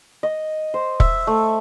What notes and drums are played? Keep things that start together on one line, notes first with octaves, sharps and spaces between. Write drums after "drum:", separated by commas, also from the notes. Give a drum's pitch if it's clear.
D#5
C5
E5, drum: kick
A3